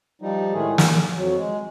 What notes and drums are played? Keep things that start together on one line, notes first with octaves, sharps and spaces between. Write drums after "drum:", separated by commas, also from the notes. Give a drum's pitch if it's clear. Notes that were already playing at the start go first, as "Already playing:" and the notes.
F3 G3 D#4
A2 D#3 G#3 A3 G#4
G#4, drum: snare
F2 F#3
G#3